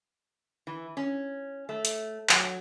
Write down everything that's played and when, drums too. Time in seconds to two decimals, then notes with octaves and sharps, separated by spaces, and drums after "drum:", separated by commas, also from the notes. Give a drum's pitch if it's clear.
0.67 E3
0.97 C#4
1.69 A3
1.85 drum: hi-hat
2.29 F#3, drum: clap